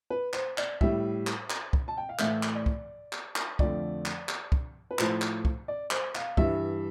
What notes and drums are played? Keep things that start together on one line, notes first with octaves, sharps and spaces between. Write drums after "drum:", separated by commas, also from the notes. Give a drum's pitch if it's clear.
B4
C5, drum: clap
D5, drum: clap
A2 G3 E5, drum: kick
drum: clap
drum: clap
drum: kick
A5
G5
F5
A2 E3 A3 E5, drum: clap
drum: clap
D5
drum: kick
drum: clap
drum: clap
F2 D3 F3 A3 D5, drum: kick
drum: clap
drum: clap
drum: kick
B4
A2 F3 A3 C5, drum: clap
drum: clap
drum: kick
D5
C5, drum: clap
F5, drum: clap
G2 E3 G3 E5, drum: kick